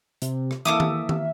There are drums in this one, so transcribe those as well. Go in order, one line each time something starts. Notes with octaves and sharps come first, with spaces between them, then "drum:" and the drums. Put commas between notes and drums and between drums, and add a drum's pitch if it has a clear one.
C3, drum: hi-hat
drum: rim click
E3 A#3 A4 E5 F5 D6 D#6
drum: tom D#3
drum: tom D#3